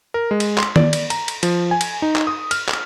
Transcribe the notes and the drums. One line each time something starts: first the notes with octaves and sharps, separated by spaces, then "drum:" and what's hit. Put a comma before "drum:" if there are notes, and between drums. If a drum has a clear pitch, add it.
A#4
G#3
drum: cymbal
C6, drum: clap
D5, drum: tom D#3
drum: cymbal
A#5, drum: cymbal
drum: cymbal
F3, drum: cymbal
G#5
drum: cymbal
D#4
drum: clap
D#6
F6, drum: cymbal
drum: clap